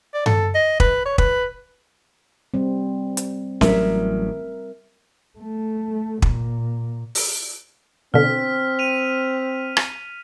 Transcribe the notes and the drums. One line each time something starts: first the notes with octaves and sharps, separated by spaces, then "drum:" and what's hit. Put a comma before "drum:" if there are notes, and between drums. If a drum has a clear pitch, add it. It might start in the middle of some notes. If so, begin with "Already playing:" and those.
D5
A4, drum: tom G2
D#5
B4, drum: kick
C#5
B4, drum: kick
G3 C4
drum: hi-hat
A1 F#3 G3 A#4 E5, drum: snare C#4
A3
A#2, drum: kick
drum: open hi-hat
B2 D3 C4 F6 B6
D#7 F7
drum: rim click